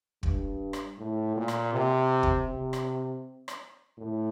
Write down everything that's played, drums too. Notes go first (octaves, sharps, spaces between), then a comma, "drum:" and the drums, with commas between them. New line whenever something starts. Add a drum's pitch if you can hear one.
G2, drum: kick
drum: rim click
A2
A#2
drum: rim click
C3
drum: kick
C3
drum: rim click
drum: rim click
A2